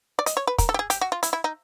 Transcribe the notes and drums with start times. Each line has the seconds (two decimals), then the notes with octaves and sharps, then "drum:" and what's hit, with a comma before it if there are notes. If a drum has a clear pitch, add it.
0.19 D5
0.26 D#5, drum: hi-hat
0.37 C#5
0.47 B4
0.58 A#4, drum: kick, hi-hat
0.69 A4
0.74 G4
0.79 G#4
0.90 G4, drum: hi-hat
1.01 F#4
1.12 F4
1.23 E4, drum: hi-hat
1.33 E4
1.44 D#4